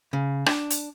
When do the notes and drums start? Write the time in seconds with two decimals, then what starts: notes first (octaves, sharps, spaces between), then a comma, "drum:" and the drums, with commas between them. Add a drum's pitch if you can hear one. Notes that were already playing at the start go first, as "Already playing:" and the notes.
0.13 C#3
0.46 D4, drum: rim click
0.70 drum: hi-hat